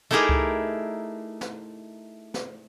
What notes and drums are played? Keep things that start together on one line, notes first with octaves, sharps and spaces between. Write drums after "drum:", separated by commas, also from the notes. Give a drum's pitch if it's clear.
A3 D#4 E4 G4 G#4 A#4
drum: kick C#2
drum: snare
drum: snare